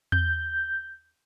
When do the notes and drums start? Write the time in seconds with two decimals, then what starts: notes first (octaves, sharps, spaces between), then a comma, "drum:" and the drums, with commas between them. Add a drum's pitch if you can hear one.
0.12 G6, drum: tom E2